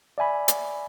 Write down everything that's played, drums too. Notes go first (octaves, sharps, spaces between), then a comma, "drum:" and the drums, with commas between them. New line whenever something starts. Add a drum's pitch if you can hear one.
D5 E5 G#5 B5
drum: hi-hat